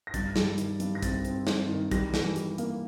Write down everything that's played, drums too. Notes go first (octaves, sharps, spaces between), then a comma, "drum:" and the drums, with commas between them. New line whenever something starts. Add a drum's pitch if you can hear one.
A#6
G2 A6, drum: kick, hi-hat
G3, drum: snare
D#3, drum: hi-hat
G2, drum: hi-hat
A#6
C4 A6, drum: kick, hi-hat
C4, drum: hi-hat
G2, drum: snare
D#3
G3 A#6, drum: kick, hi-hat
E3, drum: snare
G3, drum: hi-hat
A#3, drum: hi-hat